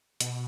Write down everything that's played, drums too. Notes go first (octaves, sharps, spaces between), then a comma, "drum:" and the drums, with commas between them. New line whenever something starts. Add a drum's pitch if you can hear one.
B2, drum: hi-hat